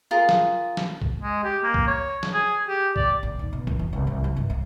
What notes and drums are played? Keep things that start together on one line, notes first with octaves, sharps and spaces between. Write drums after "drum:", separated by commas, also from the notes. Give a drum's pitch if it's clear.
F4 G#4 A#4
drum: snare
drum: snare
drum: kick B1
G#3
G4
A#3
drum: kick B1
C#5
drum: snare
G#4
G4
D5, drum: kick B1
A#1
D#2
B2
E3, drum: kick B1
E1
C2
C2
F#3
G2
C2